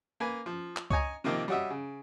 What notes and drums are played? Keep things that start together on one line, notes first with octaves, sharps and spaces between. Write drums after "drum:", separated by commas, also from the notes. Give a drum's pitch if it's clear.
A#3 B4 G#5
F3
drum: clap
C#5 D#5 G#5 A#5, drum: kick C#2
C3 D#3 F3 A#3 C4
G3 C#4 F#4 D#5 E5
C#3